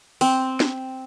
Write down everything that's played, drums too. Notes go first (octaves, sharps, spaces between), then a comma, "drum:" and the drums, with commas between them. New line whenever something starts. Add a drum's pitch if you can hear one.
C4, drum: open hi-hat
drum: snare